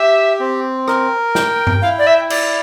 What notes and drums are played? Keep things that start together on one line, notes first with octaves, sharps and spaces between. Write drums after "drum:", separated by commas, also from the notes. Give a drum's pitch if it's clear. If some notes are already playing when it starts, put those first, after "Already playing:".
Already playing: G4 E5
C4
A#4, drum: rim click
G5, drum: snare
drum: tom G2
E4 F5
D5
E5
D5, drum: cymbal